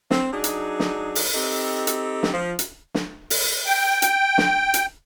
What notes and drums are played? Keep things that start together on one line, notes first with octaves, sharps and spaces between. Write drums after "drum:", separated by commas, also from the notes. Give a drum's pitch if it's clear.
C4, drum: snare
F#3 D4 D#4 G#4
drum: hi-hat
drum: snare
drum: open hi-hat
C4 D#4 G4 A4
drum: hi-hat
drum: snare
F3
drum: hi-hat
drum: snare
drum: open hi-hat
G5
drum: hi-hat
drum: snare
drum: hi-hat